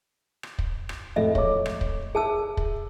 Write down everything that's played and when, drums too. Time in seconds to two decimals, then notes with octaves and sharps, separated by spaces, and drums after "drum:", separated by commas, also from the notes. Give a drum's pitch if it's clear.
0.43 drum: rim click
0.59 drum: kick
0.89 drum: rim click
1.16 F2 A2 G#3 D#5 E5
1.35 C#5 D6, drum: kick
1.66 drum: rim click
1.81 drum: kick
2.15 G#4 E5 A5 E6
2.57 drum: kick